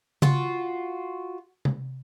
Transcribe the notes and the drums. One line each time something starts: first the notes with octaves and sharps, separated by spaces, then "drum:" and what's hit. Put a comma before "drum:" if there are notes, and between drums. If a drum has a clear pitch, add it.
F4 F#4, drum: tom C#3
drum: tom C3